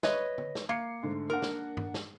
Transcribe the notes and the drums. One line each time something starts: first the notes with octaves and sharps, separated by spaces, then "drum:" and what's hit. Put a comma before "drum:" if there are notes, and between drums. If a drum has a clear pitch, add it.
B4 C#5 D#5, drum: snare
drum: tom
drum: snare
A#3 C7 C#7
G#2 D3 A3
A#3 D4 A#4 F#5
drum: snare
drum: tom G2
drum: snare